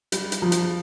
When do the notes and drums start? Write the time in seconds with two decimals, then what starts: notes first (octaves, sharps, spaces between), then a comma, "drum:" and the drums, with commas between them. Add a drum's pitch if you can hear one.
0.12 G3, drum: hi-hat
0.32 drum: hi-hat
0.42 F3
0.52 drum: hi-hat